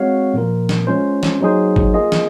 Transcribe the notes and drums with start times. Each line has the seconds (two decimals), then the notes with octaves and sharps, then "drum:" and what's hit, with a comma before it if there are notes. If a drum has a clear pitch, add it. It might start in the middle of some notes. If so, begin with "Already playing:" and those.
Already playing: G#3 C4 F#4 C#5 F5
0.34 A#2 F3 A#3 F4 A#4
0.69 drum: snare
0.87 G#3 C#4 F4 C5
1.23 drum: snare
1.41 F#3 A#3 D#4 G#4 C5
1.76 drum: kick G#1
1.94 A#3 F4 G#4 D#5
2.12 drum: snare